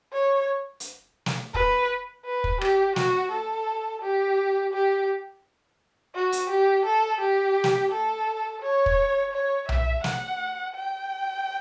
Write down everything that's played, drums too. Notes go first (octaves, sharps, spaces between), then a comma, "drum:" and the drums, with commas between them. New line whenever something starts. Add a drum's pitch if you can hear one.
C#5
drum: hi-hat
drum: snare
B4, drum: kick
B4
drum: kick
G4, drum: rim click
F#4, drum: snare
A4
G4
G4
F#4
drum: hi-hat
G4
A4
G4
drum: snare
A4
C#5
drum: kick
C#5
E5, drum: tom B1
F#5, drum: snare
G5